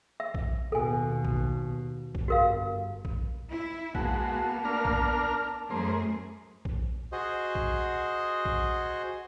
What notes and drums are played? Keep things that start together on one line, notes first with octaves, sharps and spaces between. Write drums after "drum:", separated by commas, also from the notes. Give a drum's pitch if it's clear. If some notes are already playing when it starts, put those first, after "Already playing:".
E5
drum: kick A#1
D#2 B2 A4 G#5
drum: kick A#1
drum: kick A#1
G1 F#4 A#4 F5
drum: kick A#1
E4
G#3 A#3 B3 F#4 A5, drum: kick A#1
D4 A#4 F6
drum: kick A#1
F#2 A3 A#3 G#4 C5
drum: kick A#1
F#4 G#4 C5 D#5
drum: kick A#1
drum: kick A#1